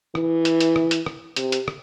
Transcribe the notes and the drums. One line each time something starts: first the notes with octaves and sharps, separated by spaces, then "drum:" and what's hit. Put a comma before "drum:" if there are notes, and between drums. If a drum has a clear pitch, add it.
E3, drum: rim click
drum: hi-hat
drum: hi-hat
drum: rim click
drum: hi-hat
drum: rim click
C3, drum: hi-hat
drum: hi-hat
drum: rim click